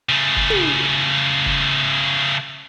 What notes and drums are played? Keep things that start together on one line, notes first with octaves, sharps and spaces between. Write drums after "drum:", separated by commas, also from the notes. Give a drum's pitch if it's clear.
C#3 A3
drum: kick
drum: tom
drum: kick